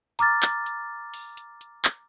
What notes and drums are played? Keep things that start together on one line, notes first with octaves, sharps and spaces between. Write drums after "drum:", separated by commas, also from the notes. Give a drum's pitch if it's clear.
A#5 D6 F6 A6, drum: hi-hat
drum: clap
drum: hi-hat
drum: open hi-hat
drum: hi-hat
drum: hi-hat
drum: clap